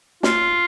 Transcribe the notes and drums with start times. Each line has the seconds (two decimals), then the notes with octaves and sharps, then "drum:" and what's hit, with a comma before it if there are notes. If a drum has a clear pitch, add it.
0.23 F4, drum: snare